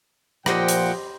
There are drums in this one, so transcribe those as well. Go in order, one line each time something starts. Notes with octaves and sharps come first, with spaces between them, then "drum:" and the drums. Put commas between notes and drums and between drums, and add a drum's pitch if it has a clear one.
A#2 F3 G4 C5 D#5 F#5 G5, drum: rim click
drum: hi-hat